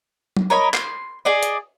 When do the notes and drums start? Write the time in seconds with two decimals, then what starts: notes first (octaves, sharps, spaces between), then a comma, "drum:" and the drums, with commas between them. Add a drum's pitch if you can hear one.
0.37 drum: tom F#3
0.50 A#4 C#5 D#5 B5
0.74 C6, drum: clap
1.25 G#4 D5 D#5
1.43 drum: hi-hat